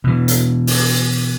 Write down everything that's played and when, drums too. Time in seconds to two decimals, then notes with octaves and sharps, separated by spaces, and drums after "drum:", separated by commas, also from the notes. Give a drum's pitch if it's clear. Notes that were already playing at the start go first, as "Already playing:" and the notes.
0.04 B2 E3
0.28 drum: hi-hat
0.67 drum: open hi-hat